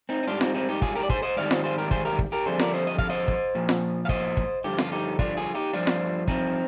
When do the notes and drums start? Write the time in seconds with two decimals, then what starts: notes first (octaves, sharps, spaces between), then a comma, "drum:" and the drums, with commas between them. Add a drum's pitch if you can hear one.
0.09 C4 D#4
0.23 D#4
0.27 G#2 G3 D4 F4
0.41 C4 D#4, drum: snare F4
0.55 C4 D#4
0.69 D#4 G4
0.82 F4 G#4, drum: kick
0.95 G4 A#4
1.03 D5
1.10 G#4 C5, drum: kick
1.23 C5 D#5
1.37 G#2 D#3 G3 D5 F5
1.51 C5 D#5, drum: snare F4
1.64 G#4 C5
1.78 G4 A#4
1.91 G#4 C5, drum: kick
2.05 G4 A#4
2.19 drum: kick
2.32 G4 A#4
2.46 F2 D3 G3 G#4 C5
2.59 A#4 D5, drum: snare F4
2.74 C5 D#5
2.87 D#5
2.98 F5, drum: kick
3.10 C5 D#5
3.28 drum: kick
3.55 A#2 F3
3.69 drum: snare F4
4.05 F5
4.09 C5 D#5, drum: kick
4.37 drum: kick
4.64 G2 D3 F3 G4
4.78 F4, drum: snare F4
4.92 D#4 G4
5.19 D4 F4, drum: kick
5.37 F4 G#4
5.55 D#4 G4
5.73 G2 F3 D4 F4
5.87 drum: snare F4
6.28 C4 D#4, drum: kick